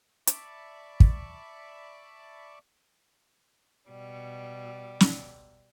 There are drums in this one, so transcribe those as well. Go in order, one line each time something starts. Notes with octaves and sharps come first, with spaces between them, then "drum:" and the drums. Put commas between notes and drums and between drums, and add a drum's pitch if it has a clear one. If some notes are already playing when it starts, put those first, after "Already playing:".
D5 E5 A5 B5 C#6 D6, drum: hi-hat
drum: kick
B2 G3
drum: snare